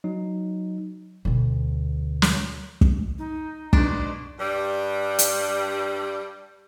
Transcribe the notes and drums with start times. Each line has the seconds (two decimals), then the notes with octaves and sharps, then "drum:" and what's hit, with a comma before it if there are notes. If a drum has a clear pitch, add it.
0.04 F#3 D#4
1.25 D2 B2
2.22 drum: snare
2.81 drum: kick
3.18 D#4
3.73 G#2 B2 D4, drum: kick
4.39 G2 G3
5.19 drum: hi-hat